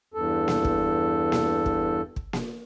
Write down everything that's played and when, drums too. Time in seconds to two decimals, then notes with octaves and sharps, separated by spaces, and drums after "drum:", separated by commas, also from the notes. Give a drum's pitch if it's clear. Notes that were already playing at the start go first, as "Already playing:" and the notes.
0.14 E2 G2 A4
0.48 drum: snare A#3
0.65 drum: kick
1.32 drum: snare A#3
1.66 drum: kick
2.16 drum: kick
2.33 drum: snare A#3